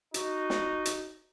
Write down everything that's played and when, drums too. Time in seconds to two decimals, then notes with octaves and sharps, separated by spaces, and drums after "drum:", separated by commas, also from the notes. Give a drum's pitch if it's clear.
0.14 D#4 F#4, drum: hi-hat
0.50 drum: snare
0.85 drum: hi-hat